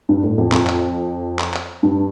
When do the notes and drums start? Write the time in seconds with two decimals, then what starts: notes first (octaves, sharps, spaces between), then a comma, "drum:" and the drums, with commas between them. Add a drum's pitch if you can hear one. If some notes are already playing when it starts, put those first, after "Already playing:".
0.09 G2
0.23 A2
0.38 F2
0.52 F2, drum: clap
0.67 drum: clap
1.39 drum: clap
1.54 drum: clap
1.83 G2